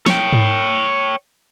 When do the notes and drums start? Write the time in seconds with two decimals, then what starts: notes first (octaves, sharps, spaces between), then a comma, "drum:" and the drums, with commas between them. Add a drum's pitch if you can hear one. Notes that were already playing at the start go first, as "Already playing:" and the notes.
0.06 C#5 G5, drum: snare
0.33 drum: tom G#2